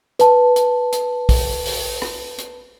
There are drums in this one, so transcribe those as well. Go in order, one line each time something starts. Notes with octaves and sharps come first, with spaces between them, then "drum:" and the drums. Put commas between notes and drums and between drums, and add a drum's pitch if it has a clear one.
B4 A5, drum: hi-hat
drum: hi-hat
drum: hi-hat
drum: kick, open hi-hat
drum: open hi-hat
drum: rim click
drum: hi-hat